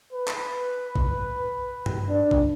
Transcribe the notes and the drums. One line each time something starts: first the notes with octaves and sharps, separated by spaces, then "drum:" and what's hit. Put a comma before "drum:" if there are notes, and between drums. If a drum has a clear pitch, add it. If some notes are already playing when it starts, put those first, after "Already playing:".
B4
drum: clap
drum: kick A#1
drum: tom G2
D4
drum: kick A#1